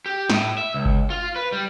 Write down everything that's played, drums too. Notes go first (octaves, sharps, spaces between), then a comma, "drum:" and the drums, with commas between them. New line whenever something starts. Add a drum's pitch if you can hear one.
G4
A2, drum: snare
E5
C#2
drum: kick G1
F4
B4
G3